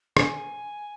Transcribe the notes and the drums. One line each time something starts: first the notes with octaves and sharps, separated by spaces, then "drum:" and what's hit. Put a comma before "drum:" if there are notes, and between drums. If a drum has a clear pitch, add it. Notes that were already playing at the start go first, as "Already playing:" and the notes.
G#5, drum: rim click